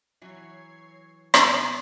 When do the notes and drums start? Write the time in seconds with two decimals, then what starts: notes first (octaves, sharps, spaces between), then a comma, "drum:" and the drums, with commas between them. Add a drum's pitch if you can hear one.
0.21 E3 F#3 C#5 G#6 C7
1.34 B2 B3, drum: rim click